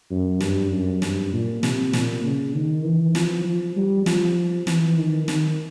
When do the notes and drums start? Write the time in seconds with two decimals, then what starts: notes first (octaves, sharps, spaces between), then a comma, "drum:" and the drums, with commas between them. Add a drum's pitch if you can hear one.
0.11 F#2
0.40 G2, drum: snare
0.72 F#2
1.02 G2, drum: snare
1.33 A#2
1.63 C3, drum: snare
1.93 A#2, drum: snare
2.24 C#3
2.54 D#3
2.85 E3
3.15 F3, drum: snare
3.45 F3
3.76 G3
4.06 F3, drum: snare
4.67 E3, drum: snare
4.98 D#3
5.28 D#3, drum: snare